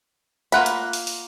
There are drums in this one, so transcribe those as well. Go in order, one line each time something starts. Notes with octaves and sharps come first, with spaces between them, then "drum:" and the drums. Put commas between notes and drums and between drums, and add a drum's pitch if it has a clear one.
A#3 F4 F#5 B5, drum: hi-hat
drum: hi-hat
drum: open hi-hat
drum: open hi-hat